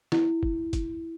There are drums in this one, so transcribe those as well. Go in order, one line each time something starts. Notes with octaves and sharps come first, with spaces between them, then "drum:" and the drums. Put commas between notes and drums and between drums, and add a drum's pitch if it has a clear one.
E4, drum: snare
drum: kick
drum: kick, hi-hat